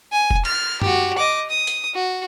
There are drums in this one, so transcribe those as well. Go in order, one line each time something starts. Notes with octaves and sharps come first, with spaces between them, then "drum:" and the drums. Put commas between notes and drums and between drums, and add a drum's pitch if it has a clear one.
G#5
drum: kick E1
F6, drum: cymbal
F#4 G4, drum: tom
D#5 D6
D#6
drum: hi-hat
F#4